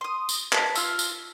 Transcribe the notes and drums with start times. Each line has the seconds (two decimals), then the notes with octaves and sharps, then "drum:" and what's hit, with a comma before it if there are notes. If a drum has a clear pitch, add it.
0.01 C6 D#6
0.29 drum: tambourine
0.52 B4 A5 A#5, drum: clap
0.75 F4 E6, drum: tambourine
0.99 drum: tambourine